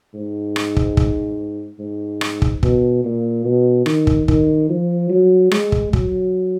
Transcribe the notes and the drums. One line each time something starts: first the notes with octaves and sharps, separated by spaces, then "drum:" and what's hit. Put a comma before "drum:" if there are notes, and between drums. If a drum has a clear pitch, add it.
G#2
drum: rim click
drum: kick
drum: kick
G#2
drum: rim click
drum: kick
B2, drum: kick
A#2
B2
D#3, drum: rim click
drum: kick
D#3, drum: kick
F3
F#3
G#3, drum: rim click
drum: kick
F#3, drum: kick